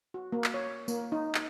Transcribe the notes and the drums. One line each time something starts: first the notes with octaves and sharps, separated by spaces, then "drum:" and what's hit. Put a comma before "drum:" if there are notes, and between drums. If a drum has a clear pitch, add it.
F#4
A#3
drum: clap
C#5
A#3, drum: tambourine
D#4
drum: clap